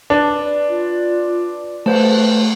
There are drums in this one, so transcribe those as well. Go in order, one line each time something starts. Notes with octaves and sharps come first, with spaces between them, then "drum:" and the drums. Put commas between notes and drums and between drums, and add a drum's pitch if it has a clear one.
D4 B4 D5
F4
A3 B4 C5 A5, drum: cymbal